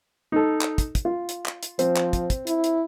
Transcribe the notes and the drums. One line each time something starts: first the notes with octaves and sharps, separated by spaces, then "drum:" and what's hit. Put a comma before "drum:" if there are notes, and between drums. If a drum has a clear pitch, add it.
D#4 A4
drum: clap
drum: kick, hi-hat
drum: kick, hi-hat
F4
drum: hi-hat
drum: clap
drum: hi-hat
F3 C4, drum: hi-hat
drum: clap
drum: kick, hi-hat
drum: kick, hi-hat
E4, drum: hi-hat
drum: hi-hat